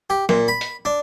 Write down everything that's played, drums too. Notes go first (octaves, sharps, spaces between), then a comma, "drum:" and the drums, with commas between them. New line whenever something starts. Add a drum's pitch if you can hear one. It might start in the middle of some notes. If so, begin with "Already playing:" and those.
G4
A#2, drum: snare
B5
drum: hi-hat
D4